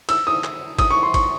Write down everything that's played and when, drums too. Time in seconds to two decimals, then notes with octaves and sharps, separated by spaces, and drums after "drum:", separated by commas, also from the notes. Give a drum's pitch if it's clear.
0.09 E6, drum: cymbal
0.27 D#6
0.44 drum: clap
0.78 D#6, drum: kick, cymbal
0.91 C#6
1.03 C6
1.14 C#6, drum: kick, cymbal